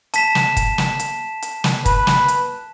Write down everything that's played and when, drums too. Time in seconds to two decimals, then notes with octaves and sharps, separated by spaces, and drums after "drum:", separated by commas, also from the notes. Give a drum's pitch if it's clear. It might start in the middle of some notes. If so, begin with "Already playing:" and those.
0.14 A5 B6 E7, drum: hi-hat
0.35 drum: snare
0.57 drum: kick, hi-hat
0.78 drum: snare
1.00 drum: hi-hat
1.42 drum: hi-hat
1.64 drum: snare
1.86 B4, drum: kick, hi-hat
2.07 drum: snare
2.28 drum: hi-hat